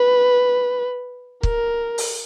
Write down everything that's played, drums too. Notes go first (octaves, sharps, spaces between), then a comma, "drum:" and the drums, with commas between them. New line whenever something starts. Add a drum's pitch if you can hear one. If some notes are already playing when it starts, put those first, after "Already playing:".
Already playing: B4
A#4, drum: kick
drum: open hi-hat